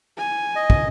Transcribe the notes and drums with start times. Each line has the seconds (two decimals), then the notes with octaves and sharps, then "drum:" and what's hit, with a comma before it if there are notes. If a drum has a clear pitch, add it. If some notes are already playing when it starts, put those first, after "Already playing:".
0.18 G#5
0.56 D#5
0.70 drum: kick